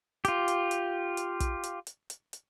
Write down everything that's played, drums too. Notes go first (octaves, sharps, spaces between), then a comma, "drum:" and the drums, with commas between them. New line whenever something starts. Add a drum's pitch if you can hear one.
F4 G4, drum: hi-hat
drum: hi-hat
drum: hi-hat
drum: hi-hat
drum: kick, hi-hat
drum: hi-hat
drum: hi-hat
drum: hi-hat
drum: hi-hat